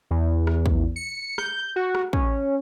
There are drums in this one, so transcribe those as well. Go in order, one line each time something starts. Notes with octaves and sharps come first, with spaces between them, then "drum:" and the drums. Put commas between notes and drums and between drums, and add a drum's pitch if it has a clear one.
E2
drum: rim click
drum: kick
C#7
G6, drum: rim click
F#4
drum: rim click
C#4, drum: kick